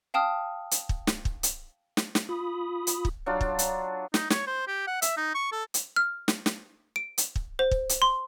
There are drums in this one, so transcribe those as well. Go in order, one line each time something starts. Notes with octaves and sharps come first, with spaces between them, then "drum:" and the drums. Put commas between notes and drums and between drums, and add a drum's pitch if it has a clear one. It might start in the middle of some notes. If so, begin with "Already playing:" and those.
F5 G5 A5 D#6 F6
drum: hi-hat
drum: kick
drum: snare
drum: kick
drum: hi-hat
drum: snare
drum: snare
F4 B5 D#6
drum: hi-hat
drum: kick
F#3 D4 F4
drum: kick
drum: hi-hat
D#4, drum: snare
C#5, drum: snare
C5
G4
F#5
E5, drum: hi-hat
D#4
C#6
A4
drum: hi-hat
F6
drum: snare
drum: snare
D7
drum: hi-hat
drum: kick
C5
drum: kick
drum: hi-hat
C6